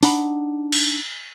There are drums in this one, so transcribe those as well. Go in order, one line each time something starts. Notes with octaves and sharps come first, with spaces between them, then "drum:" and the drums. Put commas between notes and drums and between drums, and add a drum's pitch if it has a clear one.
D4 D#4 F#5 B5, drum: open hi-hat
drum: cymbal